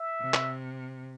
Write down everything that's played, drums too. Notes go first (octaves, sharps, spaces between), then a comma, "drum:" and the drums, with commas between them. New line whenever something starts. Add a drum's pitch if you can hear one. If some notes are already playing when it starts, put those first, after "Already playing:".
Already playing: E5
C3
drum: clap